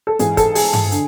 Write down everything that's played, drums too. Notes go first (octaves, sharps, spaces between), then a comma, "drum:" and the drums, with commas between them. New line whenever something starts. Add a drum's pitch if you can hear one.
A4
G#2 E3 G#4, drum: hi-hat
A4, drum: kick, hi-hat
G#4, drum: open hi-hat
drum: tom G2
D3, drum: hi-hat